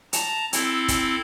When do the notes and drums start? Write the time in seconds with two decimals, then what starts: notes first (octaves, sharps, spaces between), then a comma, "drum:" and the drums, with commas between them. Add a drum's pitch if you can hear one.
0.13 A5 A#5, drum: hi-hat
0.53 C4 E4 A4, drum: hi-hat
0.88 drum: kick, hi-hat